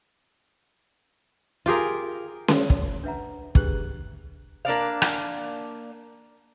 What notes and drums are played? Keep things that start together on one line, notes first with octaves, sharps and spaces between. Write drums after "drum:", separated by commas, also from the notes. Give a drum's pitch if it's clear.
F4 G4 G#4 A#4
drum: snare C#4
drum: kick
D4 B4 E5 F#5 A#5
D4 G4 G#4 B4 F#6 F#7, drum: kick
A#3 D4 D5 F5
drum: rim click